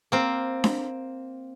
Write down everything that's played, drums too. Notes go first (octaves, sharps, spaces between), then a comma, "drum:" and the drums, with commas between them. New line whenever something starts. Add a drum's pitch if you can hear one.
A#3 C4
drum: snare D4